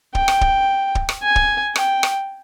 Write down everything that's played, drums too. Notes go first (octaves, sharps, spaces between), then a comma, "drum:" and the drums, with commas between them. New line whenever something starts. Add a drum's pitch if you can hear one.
G5, drum: kick
drum: rim click
drum: kick
drum: kick
drum: rim click
G#5
drum: kick
G5, drum: rim click
drum: rim click